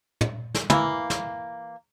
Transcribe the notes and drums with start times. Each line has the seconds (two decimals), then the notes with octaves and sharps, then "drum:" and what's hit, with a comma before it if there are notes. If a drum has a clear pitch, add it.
0.21 drum: tom
0.55 drum: snare
0.70 E3 A#3, drum: tom
1.10 drum: snare